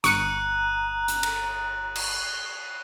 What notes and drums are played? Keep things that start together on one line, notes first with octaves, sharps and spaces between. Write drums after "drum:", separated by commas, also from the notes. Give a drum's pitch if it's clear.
G1 A#5 C#6 D#6 F#6 C#7 D#7, drum: hi-hat
drum: hi-hat
drum: cymbal
drum: cymbal